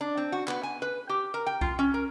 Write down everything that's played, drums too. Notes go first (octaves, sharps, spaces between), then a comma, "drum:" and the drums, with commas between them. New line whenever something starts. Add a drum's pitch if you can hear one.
D4
C4
F#4
B3, drum: clap
G#5
B4
G4
A#4
G5
F4, drum: kick B1
C#4
A#4